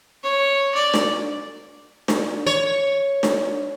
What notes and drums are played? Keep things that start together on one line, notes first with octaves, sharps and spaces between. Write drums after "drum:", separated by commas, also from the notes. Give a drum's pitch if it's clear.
C#5
D5
drum: snare D4
drum: snare D4
C#5
drum: snare D4